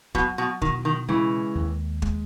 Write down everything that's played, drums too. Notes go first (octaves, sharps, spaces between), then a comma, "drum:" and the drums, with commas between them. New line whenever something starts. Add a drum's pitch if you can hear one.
B2 F#3, drum: kick
B2
B2 D#3, drum: kick
D#3
C#3 E3 G#3
D#2
G#3, drum: kick